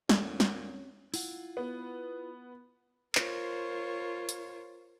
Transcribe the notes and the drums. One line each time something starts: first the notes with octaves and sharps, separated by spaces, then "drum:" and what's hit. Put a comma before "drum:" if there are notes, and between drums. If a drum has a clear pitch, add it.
E2 A#2 D3 A3 C4 C#4 C#5, drum: snare
drum: snare
E4 F4 F#5, drum: open hi-hat
B3
F4 A#4 C5 C#5, drum: clap
drum: hi-hat